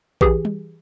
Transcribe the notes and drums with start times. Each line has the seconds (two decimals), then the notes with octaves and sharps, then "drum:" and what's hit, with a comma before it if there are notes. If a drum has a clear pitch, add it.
0.21 E3 G4 G#4, drum: kick A#1
0.45 drum: tom G3